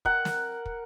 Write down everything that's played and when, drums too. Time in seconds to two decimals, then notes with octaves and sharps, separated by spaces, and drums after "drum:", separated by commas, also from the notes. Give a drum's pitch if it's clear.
0.05 A#4 F#5, drum: kick
0.25 drum: snare
0.66 drum: kick